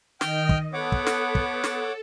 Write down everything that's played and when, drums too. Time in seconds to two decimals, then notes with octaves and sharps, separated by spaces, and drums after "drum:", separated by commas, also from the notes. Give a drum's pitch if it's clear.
0.21 D#3 D#5 G5 F6 G6, drum: snare
0.49 drum: kick
0.73 B3 A4 C#5 F#5 D6
0.92 drum: kick
1.07 drum: snare
1.35 drum: kick
1.64 drum: snare